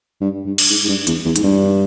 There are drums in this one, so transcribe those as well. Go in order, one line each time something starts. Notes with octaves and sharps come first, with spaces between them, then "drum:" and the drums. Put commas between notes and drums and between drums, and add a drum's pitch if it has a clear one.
G2
G2
drum: cymbal
G#2
G#2
G2
E2, drum: hi-hat
E2
G#2, drum: hi-hat
G2